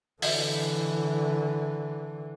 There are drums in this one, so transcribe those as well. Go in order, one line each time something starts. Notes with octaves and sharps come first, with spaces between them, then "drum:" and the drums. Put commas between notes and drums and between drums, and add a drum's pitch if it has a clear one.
D3 E3, drum: open hi-hat